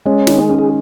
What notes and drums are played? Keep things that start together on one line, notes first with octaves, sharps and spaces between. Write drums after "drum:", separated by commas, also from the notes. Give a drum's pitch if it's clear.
G#3 C#4
D#3, drum: snare
G#4
C#4
G#4